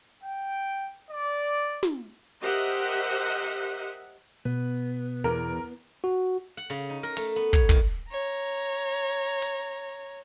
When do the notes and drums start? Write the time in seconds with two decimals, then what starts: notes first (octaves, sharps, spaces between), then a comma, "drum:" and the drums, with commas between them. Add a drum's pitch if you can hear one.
0.24 G5
1.11 D5
1.83 drum: snare
2.42 G4 A#4 C5 D#5 E5 F#5
4.45 B2 B3
5.24 E2 A#4
6.04 F#4
6.57 F#5
6.70 C#3
6.90 D#4
7.03 A#4
7.17 A3, drum: open hi-hat
7.36 B3
7.53 C#5, drum: kick
7.69 D#3, drum: kick
8.10 C#5 A#5
9.42 drum: hi-hat